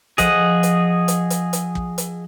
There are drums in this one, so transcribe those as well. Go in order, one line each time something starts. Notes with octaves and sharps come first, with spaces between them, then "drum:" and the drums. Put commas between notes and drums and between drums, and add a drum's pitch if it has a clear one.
F3 G#4 D#5 F#5, drum: kick, hi-hat
drum: hi-hat
drum: hi-hat
drum: hi-hat
drum: hi-hat
drum: kick
drum: hi-hat